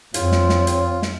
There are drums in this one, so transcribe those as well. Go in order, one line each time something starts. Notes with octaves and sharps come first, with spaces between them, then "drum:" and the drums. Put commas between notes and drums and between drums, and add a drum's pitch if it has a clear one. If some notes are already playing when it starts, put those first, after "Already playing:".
F2 C4 F4 C#5, drum: hi-hat
drum: snare
drum: snare
drum: hi-hat
drum: snare